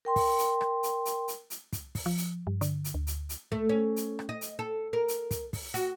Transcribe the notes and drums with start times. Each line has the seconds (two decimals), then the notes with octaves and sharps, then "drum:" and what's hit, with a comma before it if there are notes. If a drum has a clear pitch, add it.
0.05 A#4 G5 C6
0.16 drum: kick, open hi-hat
0.38 drum: hi-hat
0.61 drum: rim click
0.83 drum: hi-hat
1.05 drum: hi-hat
1.28 drum: hi-hat
1.50 drum: hi-hat
1.73 drum: kick, hi-hat
1.95 drum: kick, open hi-hat
2.06 F3
2.17 drum: hi-hat
2.47 G2
2.61 D3, drum: hi-hat
2.84 drum: hi-hat
2.94 D2
3.07 drum: hi-hat
3.29 drum: hi-hat
3.52 A3, drum: kick
3.69 C#4
3.96 drum: hi-hat
4.19 drum: rim click
4.29 D#5
4.41 drum: hi-hat
4.59 A4
4.93 A#4
5.08 drum: hi-hat
5.31 drum: kick, hi-hat
5.53 drum: kick, open hi-hat
5.74 F#4, drum: hi-hat